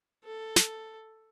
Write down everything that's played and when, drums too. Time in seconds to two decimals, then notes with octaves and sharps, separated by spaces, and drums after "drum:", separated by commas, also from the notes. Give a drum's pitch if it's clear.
0.24 A4
0.56 drum: snare